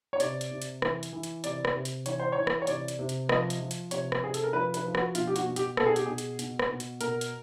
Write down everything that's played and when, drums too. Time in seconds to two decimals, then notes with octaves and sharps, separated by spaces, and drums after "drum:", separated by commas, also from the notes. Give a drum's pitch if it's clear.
0.13 C#5
0.20 C3 D5, drum: hi-hat
0.41 drum: hi-hat
0.51 C3
0.62 drum: hi-hat
0.82 E3, drum: rim click
1.03 drum: hi-hat
1.13 E3
1.23 drum: hi-hat
1.44 C3 D5, drum: hi-hat
1.65 drum: rim click
1.74 C3
1.85 drum: hi-hat
2.06 E3 C#5, drum: hi-hat
2.20 C5
2.32 E3 C#5
2.47 drum: rim click
2.62 C#5
2.67 C3 D5, drum: hi-hat
2.88 drum: hi-hat
2.99 C3
3.09 drum: hi-hat
3.29 F3 D#5, drum: rim click
3.50 drum: hi-hat
3.60 F3
3.71 drum: hi-hat
3.91 C3 C#5, drum: hi-hat
4.12 drum: rim click
4.22 C3 G#4
4.34 A4, drum: hi-hat
4.43 A#4
4.53 F3 B4
4.74 B4, drum: hi-hat
4.85 F3
4.95 F#4, drum: rim click
5.15 B2 F4, drum: hi-hat
5.27 G4
5.36 F#4, drum: hi-hat
5.46 B2
5.56 G4, drum: hi-hat
5.77 B2 A4, drum: rim click
5.86 G#4
5.96 G4, drum: hi-hat
6.06 B2 G#4
6.18 drum: hi-hat
6.39 B2, drum: hi-hat
6.59 drum: rim click
6.69 B2
6.80 drum: hi-hat
7.01 B2 A#4, drum: hi-hat
7.21 drum: hi-hat